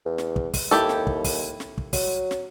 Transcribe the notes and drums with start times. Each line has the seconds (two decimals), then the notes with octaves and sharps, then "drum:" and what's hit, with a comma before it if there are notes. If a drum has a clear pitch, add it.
0.06 E2
0.18 drum: snare
0.36 drum: kick
0.54 drum: kick, open hi-hat
0.71 D#2 E4 G4 A4
0.89 drum: snare
1.07 drum: kick
1.24 drum: kick, open hi-hat
1.60 drum: snare
1.78 drum: kick
1.93 F#3, drum: kick, open hi-hat
2.31 drum: snare